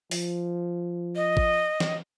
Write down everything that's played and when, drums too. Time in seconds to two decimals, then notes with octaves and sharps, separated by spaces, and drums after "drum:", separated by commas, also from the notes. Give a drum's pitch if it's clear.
0.11 F3, drum: open hi-hat
1.16 D#5
1.37 drum: kick
1.80 drum: snare